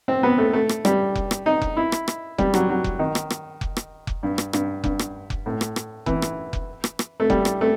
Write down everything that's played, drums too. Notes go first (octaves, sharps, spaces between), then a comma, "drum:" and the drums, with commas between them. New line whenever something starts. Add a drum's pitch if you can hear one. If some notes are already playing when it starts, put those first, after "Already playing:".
C4
B3
A3
A3
drum: rim click
G3, drum: rim click
drum: kick F1
drum: rim click
D#4
drum: kick F1
E4
drum: rim click
drum: rim click
G3, drum: kick F1
F#3, drum: rim click
F#3
drum: kick F1
D#3
drum: rim click
drum: rim click
drum: kick F1
drum: rim click
drum: kick F1
G2
drum: rim click
G2, drum: rim click
G2, drum: kick F1
drum: rim click
drum: kick F1
A2
drum: rim click
drum: rim click
E3, drum: kick F1
drum: rim click
drum: kick F1
drum: rim click
drum: rim click
A3
G3, drum: kick F1
drum: rim click
A3